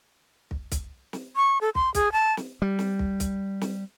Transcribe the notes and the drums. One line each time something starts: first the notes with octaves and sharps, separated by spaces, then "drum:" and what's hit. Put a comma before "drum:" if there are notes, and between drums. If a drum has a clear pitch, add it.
drum: kick
drum: kick, hi-hat
drum: snare
C#6
A4
C6, drum: kick
G#4, drum: kick, hi-hat
A5
drum: snare
G3
drum: snare
drum: kick
drum: kick, hi-hat
drum: snare